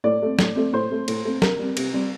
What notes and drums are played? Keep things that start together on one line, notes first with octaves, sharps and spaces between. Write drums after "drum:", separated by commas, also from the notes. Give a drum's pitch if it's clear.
A2 D5
A3 C4
A2, drum: snare
A3 C4
A2 C5
A3 C4
A2, drum: cymbal
A3 C4
C3 A#4, drum: snare
G3 C4
C3, drum: cymbal
G3 C4